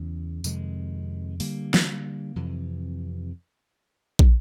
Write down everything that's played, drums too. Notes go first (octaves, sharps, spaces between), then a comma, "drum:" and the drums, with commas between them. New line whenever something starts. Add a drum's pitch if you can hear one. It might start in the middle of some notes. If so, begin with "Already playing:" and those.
Already playing: E2 C#3 E3
F2 C3 D#3 G#3, drum: tambourine
D3 G3 A#3, drum: open hi-hat
drum: snare
F2 C3 E3
drum: kick